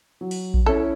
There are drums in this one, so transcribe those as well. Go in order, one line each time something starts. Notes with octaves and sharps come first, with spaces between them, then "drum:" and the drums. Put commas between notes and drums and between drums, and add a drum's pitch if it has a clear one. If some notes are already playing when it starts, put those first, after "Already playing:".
F#3
drum: open hi-hat
drum: kick A1
C#4 E4 A4